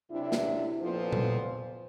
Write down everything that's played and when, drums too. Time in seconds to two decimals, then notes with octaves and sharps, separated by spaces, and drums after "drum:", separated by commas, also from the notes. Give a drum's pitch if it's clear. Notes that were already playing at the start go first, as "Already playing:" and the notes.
0.10 F#2 C3 D4 E4
0.32 drum: snare
0.82 F2 A#2 F3 B3 A4 C5
1.13 drum: tom A#2